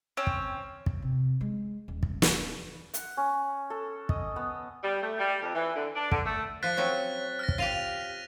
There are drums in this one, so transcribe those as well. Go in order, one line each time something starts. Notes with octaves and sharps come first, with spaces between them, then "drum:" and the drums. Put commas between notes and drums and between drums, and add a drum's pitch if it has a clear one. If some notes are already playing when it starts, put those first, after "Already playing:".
C4 C#4
drum: kick
drum: kick
C3
G#3
D#1
drum: kick
drum: snare
F#5, drum: hi-hat
C#4
A4
D#5, drum: kick
B3
G3
A3
G3
F2
E3
D3
D4
D3, drum: kick
A3
F3 C5 F#6 A6 B6
F#3 C4 C#4
F6 F#6 A#6
drum: kick
F4 G4 A#6 D#7 F7